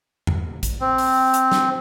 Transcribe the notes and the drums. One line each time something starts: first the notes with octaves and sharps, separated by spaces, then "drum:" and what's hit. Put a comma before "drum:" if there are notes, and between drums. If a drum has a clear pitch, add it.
drum: tom E2
drum: kick, hi-hat
C4
drum: open hi-hat
drum: hi-hat
drum: snare